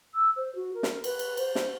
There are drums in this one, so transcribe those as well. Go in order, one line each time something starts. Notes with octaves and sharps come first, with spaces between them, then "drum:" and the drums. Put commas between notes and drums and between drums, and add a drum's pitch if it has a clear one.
E6
C5
F#4
A#4
drum: snare
B4, drum: cymbal
drum: cymbal
C5, drum: cymbal
drum: snare